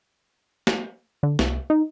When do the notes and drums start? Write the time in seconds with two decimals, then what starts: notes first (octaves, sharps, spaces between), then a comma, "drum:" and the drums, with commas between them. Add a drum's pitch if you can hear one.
0.67 drum: snare
1.23 D3
1.39 C2, drum: snare
1.70 D#4